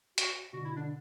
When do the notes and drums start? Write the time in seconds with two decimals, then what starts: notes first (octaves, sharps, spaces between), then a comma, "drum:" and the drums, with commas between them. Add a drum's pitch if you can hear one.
0.18 F#4, drum: hi-hat
0.53 B2 D3 F#4
0.65 E4
0.76 D3 D4